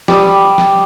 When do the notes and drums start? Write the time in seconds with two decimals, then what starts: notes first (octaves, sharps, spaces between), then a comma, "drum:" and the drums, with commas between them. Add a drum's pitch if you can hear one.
0.08 G3 D#6 E6, drum: snare
0.58 drum: snare